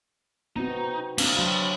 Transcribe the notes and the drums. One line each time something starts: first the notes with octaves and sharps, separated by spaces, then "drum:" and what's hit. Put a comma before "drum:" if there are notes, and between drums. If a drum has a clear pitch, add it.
B3 C4 D#4 F#4
A#3 C4 D4, drum: cymbal
F#3 F#4 B5 C6